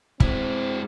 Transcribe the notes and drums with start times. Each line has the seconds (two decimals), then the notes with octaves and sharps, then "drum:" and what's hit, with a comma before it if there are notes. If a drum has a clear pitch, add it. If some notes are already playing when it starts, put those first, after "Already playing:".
0.20 G#3 C4 E4, drum: kick